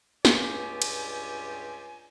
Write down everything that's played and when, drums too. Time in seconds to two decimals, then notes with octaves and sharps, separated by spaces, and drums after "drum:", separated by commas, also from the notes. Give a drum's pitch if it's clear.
0.25 C#2 G2 F4 G4 D5 G#5, drum: snare
0.82 drum: cymbal